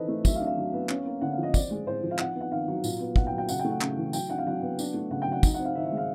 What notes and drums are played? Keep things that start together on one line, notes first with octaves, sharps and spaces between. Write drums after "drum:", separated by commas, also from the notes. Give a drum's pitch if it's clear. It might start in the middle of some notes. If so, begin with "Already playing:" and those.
Already playing: E3 C4 D#4 A4 B4 D#5
A3
F#3 E5, drum: kick, tambourine
F5
D4
F5
F#3
B3
C#4, drum: clap
A#3
D3 F#5
F5
F3
D#5
C4 D5, drum: kick, tambourine
G#3
A2 C5
F3
F5
D#4 F#5, drum: clap
B3
F#5
D#3 F5
F#3
A#2, drum: tambourine
B3
A#2 F#5, drum: kick
G5
F#3
G5
C#3 F#5, drum: tambourine
G5
A3
F#5
C#3, drum: clap
E3
F#3 G5, drum: tambourine
D4 F#5
F5
F#3 F#5
B3
D4, drum: tambourine
A3
C#3 F#5
G5
F#3 F#5
D#4, drum: kick, tambourine
F#5
C4
F5
D#3 E5
E5
G#3
F5